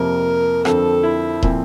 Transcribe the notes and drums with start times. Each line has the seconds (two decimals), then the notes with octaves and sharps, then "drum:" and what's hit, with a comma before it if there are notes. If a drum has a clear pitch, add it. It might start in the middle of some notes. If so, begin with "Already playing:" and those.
Already playing: F2 C3 F3 A#3 A#4
0.65 F2 D3 F3 C4 A4, drum: rim click
1.03 E4
1.43 A#2 F3 C4, drum: kick